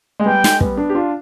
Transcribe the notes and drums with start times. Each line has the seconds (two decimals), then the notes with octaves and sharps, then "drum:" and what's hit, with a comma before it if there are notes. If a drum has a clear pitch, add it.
0.20 G#3
0.26 G3 B3 G5
0.44 G#3, drum: snare
0.61 G3 B3, drum: kick
0.77 B3 D4
0.90 G4
0.95 D4 F4